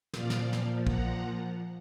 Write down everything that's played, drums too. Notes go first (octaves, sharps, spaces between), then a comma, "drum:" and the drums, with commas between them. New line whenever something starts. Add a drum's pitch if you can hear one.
A#2 F3 D5 F5, drum: snare
drum: snare
drum: snare
F#5 A#5, drum: kick